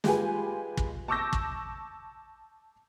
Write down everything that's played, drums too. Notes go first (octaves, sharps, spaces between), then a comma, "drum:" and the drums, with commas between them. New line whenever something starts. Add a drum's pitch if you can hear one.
G#3 F4 G4 B4 G#5, drum: snare
drum: kick
A5 C#6 D6 E6 G6 A#6
drum: kick